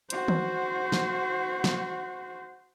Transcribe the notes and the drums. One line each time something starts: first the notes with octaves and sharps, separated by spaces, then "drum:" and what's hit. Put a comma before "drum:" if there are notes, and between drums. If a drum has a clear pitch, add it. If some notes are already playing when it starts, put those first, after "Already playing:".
F#4 C5, drum: hi-hat
drum: tom D#3
drum: snare
drum: snare